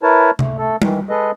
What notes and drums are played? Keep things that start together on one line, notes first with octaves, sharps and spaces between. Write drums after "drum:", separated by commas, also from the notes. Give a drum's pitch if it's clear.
E4 A#4 B4 C#5 A5
A3, drum: tom C3
A3 A4
D#3 E3, drum: tom G3
G#3 G#4 A4 B4 D#5